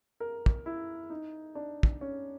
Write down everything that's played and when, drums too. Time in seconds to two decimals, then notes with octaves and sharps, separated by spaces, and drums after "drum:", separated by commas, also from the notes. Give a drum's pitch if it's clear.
0.20 A#4
0.46 drum: kick
0.66 E4
1.10 D#4
1.55 D4
1.83 drum: kick
2.01 C#4